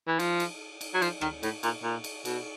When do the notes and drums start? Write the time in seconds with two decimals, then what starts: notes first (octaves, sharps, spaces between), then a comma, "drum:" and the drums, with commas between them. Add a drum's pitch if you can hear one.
0.07 E3
0.19 F3, drum: cymbal
0.40 drum: cymbal
0.81 drum: cymbal
0.94 F#3
1.02 F3, drum: cymbal
1.21 D#3, drum: rim click
1.43 A2, drum: cymbal
1.63 A#2, drum: cymbal
1.83 A#2
2.04 drum: cymbal
2.25 B2, drum: cymbal